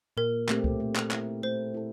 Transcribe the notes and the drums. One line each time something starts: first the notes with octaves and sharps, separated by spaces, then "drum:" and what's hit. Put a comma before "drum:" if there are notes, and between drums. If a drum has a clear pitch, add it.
A#2 A#4
A3 C4 G4, drum: clap
drum: kick C#2
A3
drum: clap
E4 A#4, drum: clap
A3 C5
E4 A4